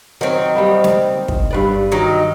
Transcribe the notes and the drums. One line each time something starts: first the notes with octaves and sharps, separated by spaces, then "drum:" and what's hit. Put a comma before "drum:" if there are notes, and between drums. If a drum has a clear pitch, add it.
D#3 F#3 C4
G3 A#3 B3
drum: snare
drum: kick
G2 B4 D5
D#3 F#3 D#4